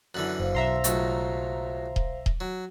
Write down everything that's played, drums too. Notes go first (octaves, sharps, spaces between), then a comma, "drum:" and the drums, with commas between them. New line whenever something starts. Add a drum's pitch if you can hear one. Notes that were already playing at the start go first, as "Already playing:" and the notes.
F#2 D3 E3 F#6
F#1 C5 F5
B1 E5 A#5 C6
C#2 F#3 A3, drum: hi-hat
drum: kick D#1
drum: kick D#1
F#3